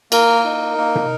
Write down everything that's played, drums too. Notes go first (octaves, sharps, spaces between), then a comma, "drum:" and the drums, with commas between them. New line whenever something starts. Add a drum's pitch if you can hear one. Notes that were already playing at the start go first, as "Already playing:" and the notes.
A#3 A#4, drum: cymbal
D#4
A#3
drum: tom